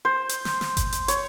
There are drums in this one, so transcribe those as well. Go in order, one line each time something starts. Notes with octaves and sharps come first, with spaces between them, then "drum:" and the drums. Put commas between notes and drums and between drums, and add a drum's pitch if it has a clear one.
C5
drum: hi-hat
drum: snare
drum: snare
drum: kick G1, hi-hat
drum: hi-hat
C#5, drum: hi-hat